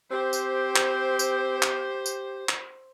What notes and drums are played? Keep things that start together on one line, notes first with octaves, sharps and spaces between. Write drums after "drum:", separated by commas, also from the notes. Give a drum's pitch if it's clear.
C4 G4 C5
drum: tambourine
drum: clap
drum: tambourine
drum: clap
drum: tambourine
drum: clap